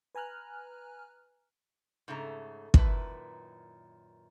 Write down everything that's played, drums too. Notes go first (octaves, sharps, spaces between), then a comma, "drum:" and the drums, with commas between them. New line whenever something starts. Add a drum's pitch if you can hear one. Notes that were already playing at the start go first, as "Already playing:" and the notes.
B4 G#5 A#5 F6 F#6
G#2 C#3 A3 A#5
F#2 A#2 D#3 E4 B4 A5, drum: kick